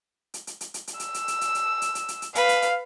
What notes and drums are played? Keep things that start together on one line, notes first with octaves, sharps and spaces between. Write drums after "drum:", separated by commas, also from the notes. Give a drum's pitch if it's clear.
drum: hi-hat
drum: hi-hat
drum: hi-hat
drum: hi-hat
drum: hi-hat
E6, drum: hi-hat
drum: hi-hat
drum: hi-hat
drum: hi-hat
drum: hi-hat
drum: hi-hat
drum: hi-hat
drum: hi-hat
drum: hi-hat
B4 F5, drum: hi-hat
drum: hi-hat
drum: hi-hat